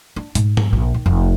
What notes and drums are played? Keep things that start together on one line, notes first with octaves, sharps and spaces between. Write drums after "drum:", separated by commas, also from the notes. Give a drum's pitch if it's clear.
D4
G#2, drum: hi-hat
drum: tom G#2
A#1
D#3
F1